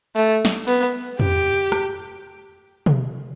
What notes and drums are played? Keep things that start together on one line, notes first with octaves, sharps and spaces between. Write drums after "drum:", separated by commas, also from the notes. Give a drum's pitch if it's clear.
A3, drum: hi-hat
drum: snare
B3, drum: hi-hat
G4, drum: tom
drum: rim click
drum: tom